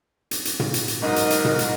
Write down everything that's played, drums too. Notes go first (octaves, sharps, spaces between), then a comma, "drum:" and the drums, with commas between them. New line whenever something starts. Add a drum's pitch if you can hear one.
drum: hi-hat
drum: hi-hat
drum: tom
drum: hi-hat
drum: hi-hat
B1 G#2 A#4 D#5
drum: hi-hat
drum: hi-hat
drum: tom
drum: hi-hat